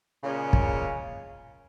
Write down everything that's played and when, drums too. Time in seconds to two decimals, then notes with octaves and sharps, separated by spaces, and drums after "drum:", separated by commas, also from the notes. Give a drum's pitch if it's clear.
0.23 A#2 C#3 G#3 C#4
0.53 drum: kick